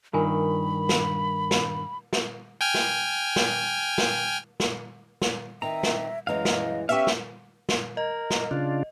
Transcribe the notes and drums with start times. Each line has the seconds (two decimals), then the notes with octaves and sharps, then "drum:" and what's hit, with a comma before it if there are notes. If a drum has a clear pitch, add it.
0.13 G2 D#3 F4 A#4 G#5 B5
0.89 drum: snare
1.51 drum: snare
2.13 drum: snare
2.61 G5 G#5 F6
2.74 drum: snare
3.36 drum: snare
3.98 drum: snare
4.60 drum: snare
5.22 drum: snare
5.62 D#3 C4 E5 A#5
5.83 drum: snare
6.27 F#2 E3 G#3 D#5 F5 A#5
6.45 drum: snare
6.89 B3 C#4 G4 E5 F5 C#6
7.07 drum: snare
7.69 drum: snare
7.97 A#4 D#5
8.30 drum: snare
8.51 C#3 D4 F4